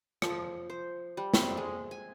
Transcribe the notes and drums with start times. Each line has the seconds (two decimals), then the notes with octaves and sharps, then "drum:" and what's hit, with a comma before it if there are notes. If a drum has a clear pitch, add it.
0.22 F3, drum: rim click
0.70 C5
1.17 G3
1.34 C4, drum: snare
1.57 G#3
1.91 G#5